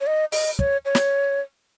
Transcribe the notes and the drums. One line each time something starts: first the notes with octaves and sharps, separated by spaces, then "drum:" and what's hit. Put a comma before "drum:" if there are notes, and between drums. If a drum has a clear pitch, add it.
C#5
D#5
D#5, drum: open hi-hat
C#5, drum: kick
C#5
drum: snare